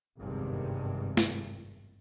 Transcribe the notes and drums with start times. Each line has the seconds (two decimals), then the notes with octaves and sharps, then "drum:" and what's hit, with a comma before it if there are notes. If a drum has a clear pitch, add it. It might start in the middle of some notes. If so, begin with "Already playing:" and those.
0.18 G#1 E2 G2 C3 D#3 G#3
1.17 drum: snare